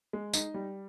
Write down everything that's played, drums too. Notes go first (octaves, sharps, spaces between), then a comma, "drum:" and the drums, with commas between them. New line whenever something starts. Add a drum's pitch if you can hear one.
G#3
D#4, drum: tambourine
G3